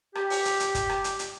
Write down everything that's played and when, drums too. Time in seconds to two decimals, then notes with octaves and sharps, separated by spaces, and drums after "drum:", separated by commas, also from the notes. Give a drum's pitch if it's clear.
0.15 G4, drum: rim click
0.30 drum: open hi-hat
0.45 drum: hi-hat
0.60 drum: hi-hat
0.75 drum: kick, hi-hat
0.89 drum: rim click
1.04 drum: hi-hat
1.19 drum: hi-hat